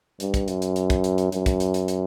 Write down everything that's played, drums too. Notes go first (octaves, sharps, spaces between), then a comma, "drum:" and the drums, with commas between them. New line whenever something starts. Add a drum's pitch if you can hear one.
G2, drum: hi-hat
drum: kick, hi-hat
F#2, drum: hi-hat
drum: hi-hat
drum: hi-hat
drum: kick, hi-hat
drum: hi-hat
drum: hi-hat
F#2, drum: hi-hat
drum: kick, hi-hat
drum: hi-hat
drum: hi-hat
drum: hi-hat